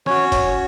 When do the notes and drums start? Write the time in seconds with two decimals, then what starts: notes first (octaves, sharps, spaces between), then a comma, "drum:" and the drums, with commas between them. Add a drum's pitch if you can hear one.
0.06 C#4 F#4 C#5, drum: snare
0.32 C#5, drum: kick, hi-hat